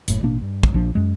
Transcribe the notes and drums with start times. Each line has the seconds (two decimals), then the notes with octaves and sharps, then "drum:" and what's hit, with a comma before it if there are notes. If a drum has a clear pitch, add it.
0.08 F#1 A2, drum: hi-hat
0.23 A1 B2 A#3 D4
0.41 G2
0.63 drum: kick
0.74 A#1 F3 D4
0.95 F#2 G#3